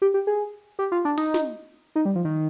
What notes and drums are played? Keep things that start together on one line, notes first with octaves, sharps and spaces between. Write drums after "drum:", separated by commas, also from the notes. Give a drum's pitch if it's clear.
G4
G4
G#4
G4
F4
D4
D#4, drum: open hi-hat
drum: snare
D#4
G3
F3
D#3